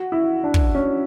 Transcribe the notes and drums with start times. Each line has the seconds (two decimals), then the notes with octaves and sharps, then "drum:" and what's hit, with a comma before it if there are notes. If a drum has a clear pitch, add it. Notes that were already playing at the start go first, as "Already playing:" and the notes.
Already playing: F#4
0.12 E4
0.44 D4
0.54 drum: kick
0.75 C#4